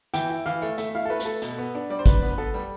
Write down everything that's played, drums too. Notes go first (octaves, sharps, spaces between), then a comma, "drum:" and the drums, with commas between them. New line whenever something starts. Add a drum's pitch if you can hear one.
E3 G5, drum: hi-hat
E4
E3 F5
A3
A3 E5, drum: hi-hat
E4 F5
A4
A3 B4
B4, drum: hi-hat
A3 A4
B2, drum: hi-hat
B3
D4
G3 D5
C5
D4 B4, drum: kick A1, hi-hat
B3
B4
B3 A4
G3